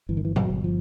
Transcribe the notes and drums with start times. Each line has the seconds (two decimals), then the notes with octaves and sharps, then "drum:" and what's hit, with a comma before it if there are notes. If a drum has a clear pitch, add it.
0.09 G1 E3
0.17 D#3
0.25 E3
0.36 F#3, drum: tom A#2
0.50 G1
0.64 F3